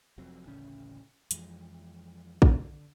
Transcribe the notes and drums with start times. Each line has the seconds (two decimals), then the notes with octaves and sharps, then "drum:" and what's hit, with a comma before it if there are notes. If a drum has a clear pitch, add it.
0.18 F1 F2 F#3 C4
0.46 D1 A1 C#3 C#4
1.31 F2 E3 F3 G#3, drum: hi-hat
2.42 D3, drum: kick